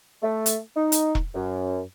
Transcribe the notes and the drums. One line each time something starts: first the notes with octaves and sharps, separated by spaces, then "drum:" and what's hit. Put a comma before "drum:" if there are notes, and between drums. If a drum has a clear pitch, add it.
A3
drum: hi-hat
D#4
drum: hi-hat
drum: kick E1
F#2